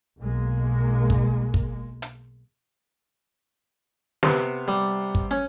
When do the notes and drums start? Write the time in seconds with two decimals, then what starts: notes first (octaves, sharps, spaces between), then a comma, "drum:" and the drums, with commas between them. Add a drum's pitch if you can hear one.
0.19 B1 B2 G#3 A#3
1.10 drum: kick
1.54 drum: kick
2.02 drum: hi-hat
4.23 C3 B3, drum: snare
4.68 G3
5.15 drum: kick
5.31 C#4